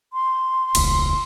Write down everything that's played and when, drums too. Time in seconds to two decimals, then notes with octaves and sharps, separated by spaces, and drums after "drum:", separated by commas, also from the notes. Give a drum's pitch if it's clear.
0.13 C6
0.75 E1 C#2, drum: cymbal